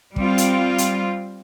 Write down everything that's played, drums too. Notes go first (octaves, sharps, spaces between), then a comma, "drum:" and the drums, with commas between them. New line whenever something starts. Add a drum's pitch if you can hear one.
G3 C4 F4, drum: kick
drum: hi-hat
drum: hi-hat